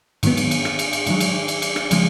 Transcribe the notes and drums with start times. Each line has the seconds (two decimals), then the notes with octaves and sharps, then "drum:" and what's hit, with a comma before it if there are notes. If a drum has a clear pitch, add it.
0.23 G#2 D#3 F#3 B3, drum: cymbal
0.37 drum: cymbal
0.51 drum: cymbal
0.65 drum: rim click
0.79 drum: cymbal
0.93 drum: cymbal
1.06 G#2 D#3 F#3, drum: cymbal
1.20 drum: cymbal
1.48 drum: cymbal
1.62 drum: cymbal
1.76 drum: rim click
1.91 C#3 F3 G#3, drum: cymbal